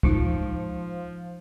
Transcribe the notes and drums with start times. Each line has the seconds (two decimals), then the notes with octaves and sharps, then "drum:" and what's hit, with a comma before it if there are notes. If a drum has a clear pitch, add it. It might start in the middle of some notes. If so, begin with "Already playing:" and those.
0.03 F3 G#3 D#4 F4, drum: kick